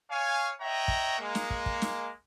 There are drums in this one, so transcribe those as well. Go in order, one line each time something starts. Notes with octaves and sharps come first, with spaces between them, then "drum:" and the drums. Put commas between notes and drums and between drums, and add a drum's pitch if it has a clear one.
C#5 F5 G#5
C#5 D#5 E5 F#5 G5 A#5
drum: kick
G#3 A#3
drum: snare
drum: kick
drum: kick
drum: snare